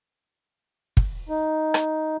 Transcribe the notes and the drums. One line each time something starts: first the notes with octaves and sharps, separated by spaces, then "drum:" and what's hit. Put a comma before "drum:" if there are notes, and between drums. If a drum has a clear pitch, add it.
drum: kick
D#4
drum: rim click